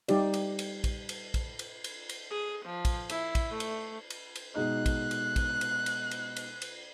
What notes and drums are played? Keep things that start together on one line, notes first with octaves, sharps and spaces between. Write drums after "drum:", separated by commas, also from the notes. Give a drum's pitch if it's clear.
G3 D#4 G4 D5, drum: cymbal
drum: cymbal
drum: cymbal
drum: kick, cymbal
drum: cymbal
drum: kick, cymbal
drum: cymbal
drum: cymbal
drum: cymbal
G#4
F3
drum: kick, cymbal
E4, drum: cymbal
drum: kick, cymbal
A3
drum: cymbal
drum: cymbal
drum: cymbal
B2 G#3 D#4 F#6
drum: kick, cymbal
drum: cymbal
drum: kick, cymbal
drum: cymbal
drum: cymbal
drum: cymbal
drum: cymbal
drum: cymbal